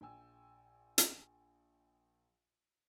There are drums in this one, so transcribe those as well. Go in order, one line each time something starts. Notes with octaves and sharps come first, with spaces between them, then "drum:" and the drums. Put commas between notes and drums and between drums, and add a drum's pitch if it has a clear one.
A#1 G5 G#5 E6
drum: hi-hat